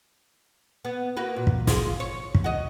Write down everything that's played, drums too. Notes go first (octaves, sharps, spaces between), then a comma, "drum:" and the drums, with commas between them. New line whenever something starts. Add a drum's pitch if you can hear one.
B3
A#3 F#4 B4
A#2
drum: kick
G#3 F4, drum: snare
C#5
drum: kick
F#4 D#5